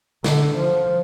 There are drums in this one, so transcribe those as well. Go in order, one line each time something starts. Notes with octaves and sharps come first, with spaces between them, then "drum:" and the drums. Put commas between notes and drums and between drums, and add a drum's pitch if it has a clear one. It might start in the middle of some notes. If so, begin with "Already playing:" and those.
D3, drum: snare
F3